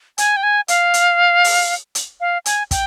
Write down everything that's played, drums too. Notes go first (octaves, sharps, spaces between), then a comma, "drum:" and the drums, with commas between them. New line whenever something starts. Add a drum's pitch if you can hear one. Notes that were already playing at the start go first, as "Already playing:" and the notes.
G#5, drum: hi-hat
G5
G#5
F5, drum: hi-hat
drum: hi-hat
drum: open hi-hat
drum: hi-hat
F5
G#5, drum: hi-hat
G5, drum: kick, hi-hat